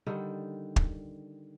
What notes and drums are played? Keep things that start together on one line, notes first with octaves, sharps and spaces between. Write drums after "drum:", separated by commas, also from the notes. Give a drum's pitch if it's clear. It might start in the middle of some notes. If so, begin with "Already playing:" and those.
D3 D#3 G3
drum: kick